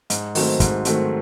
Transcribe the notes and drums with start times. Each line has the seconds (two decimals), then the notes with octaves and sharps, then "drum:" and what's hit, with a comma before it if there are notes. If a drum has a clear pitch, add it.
0.10 G#2, drum: hi-hat
0.35 D#3 F#3 A3 C4, drum: open hi-hat
0.60 G#2, drum: kick, hi-hat
0.85 D#3 F#3 A3 C4, drum: hi-hat